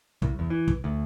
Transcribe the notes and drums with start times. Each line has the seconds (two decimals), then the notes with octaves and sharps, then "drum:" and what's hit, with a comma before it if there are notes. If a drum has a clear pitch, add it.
0.22 C2, drum: kick
0.39 E2
0.50 E3
0.68 drum: kick
0.84 D2